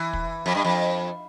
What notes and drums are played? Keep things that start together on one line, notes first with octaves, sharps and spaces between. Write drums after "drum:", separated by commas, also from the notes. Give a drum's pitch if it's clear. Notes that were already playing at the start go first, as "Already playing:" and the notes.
Already playing: E3
drum: kick
F2
G2
F2